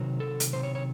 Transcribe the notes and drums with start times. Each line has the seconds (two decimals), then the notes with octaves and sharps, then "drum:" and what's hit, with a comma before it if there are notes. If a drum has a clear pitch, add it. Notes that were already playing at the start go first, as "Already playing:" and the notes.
Already playing: C3 D#3 F#3
0.20 A4
0.40 drum: hi-hat
0.53 C3 D#3 F#3 C5
0.63 C#5
0.75 C#5